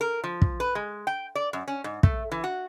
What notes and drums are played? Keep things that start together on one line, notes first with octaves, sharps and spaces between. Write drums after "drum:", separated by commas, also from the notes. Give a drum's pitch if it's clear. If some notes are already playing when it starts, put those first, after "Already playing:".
A#4
F3
drum: kick
B4
G#3
G5
D5
F#2
C#4
G#2
A3, drum: kick
E3
F#4